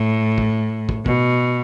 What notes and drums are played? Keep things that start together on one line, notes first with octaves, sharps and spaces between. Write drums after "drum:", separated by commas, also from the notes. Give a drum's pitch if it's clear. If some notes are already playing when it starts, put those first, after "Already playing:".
Already playing: A2
drum: kick
drum: kick
B2, drum: kick